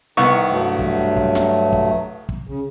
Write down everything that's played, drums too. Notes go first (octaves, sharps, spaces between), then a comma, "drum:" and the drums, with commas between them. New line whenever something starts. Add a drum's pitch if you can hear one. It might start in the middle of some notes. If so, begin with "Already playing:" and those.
C2 D#3 B3 C#6
G2 F#3 A3
drum: kick
drum: kick
drum: snare
drum: kick
drum: kick
C#3